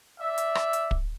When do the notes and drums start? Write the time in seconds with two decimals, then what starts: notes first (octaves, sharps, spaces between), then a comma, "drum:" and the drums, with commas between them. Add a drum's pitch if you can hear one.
0.20 D5 E5
0.38 drum: hi-hat
0.55 drum: rim click
0.73 drum: hi-hat
0.91 drum: kick